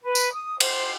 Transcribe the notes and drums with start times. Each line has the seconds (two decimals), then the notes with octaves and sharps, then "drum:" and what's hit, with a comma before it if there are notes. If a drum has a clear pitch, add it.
0.03 B4
0.15 drum: tambourine
0.34 D#6
0.60 C5, drum: cymbal